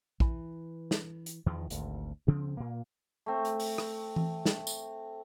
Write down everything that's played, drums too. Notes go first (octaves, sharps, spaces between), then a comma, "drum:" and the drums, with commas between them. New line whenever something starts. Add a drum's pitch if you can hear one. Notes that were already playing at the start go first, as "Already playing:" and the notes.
E3, drum: kick
drum: snare
drum: hi-hat
E2 D#3 F3
G#1 D2, drum: hi-hat
D2 C#3 F3 C4
A#2 A#3
A3 C4
drum: hi-hat
drum: open hi-hat
drum: rim click
drum: tom E3
drum: snare
drum: tambourine